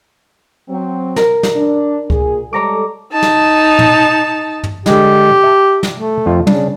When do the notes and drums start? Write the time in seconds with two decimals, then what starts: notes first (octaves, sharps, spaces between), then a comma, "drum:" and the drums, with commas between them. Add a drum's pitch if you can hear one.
0.69 F#3 C4
1.16 A#4, drum: snare
1.43 drum: snare
1.56 D4
2.10 A#2 G#4, drum: kick C#2
2.53 G3 G#3 A4 C#5 A#5 D6
3.12 D#4 A5
3.22 drum: snare
3.79 drum: tom
4.63 drum: tom
4.86 D3 G#3 G4, drum: snare
5.44 E5 A5
5.83 drum: snare
5.94 A3
6.26 F2 F4
6.47 C#3 D4, drum: tom